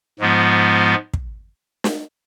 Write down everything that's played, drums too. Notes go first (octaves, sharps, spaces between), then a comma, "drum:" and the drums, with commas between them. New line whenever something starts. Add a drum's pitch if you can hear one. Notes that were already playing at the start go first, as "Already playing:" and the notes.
G#2 F3 G#3 B3 F4
drum: kick
drum: snare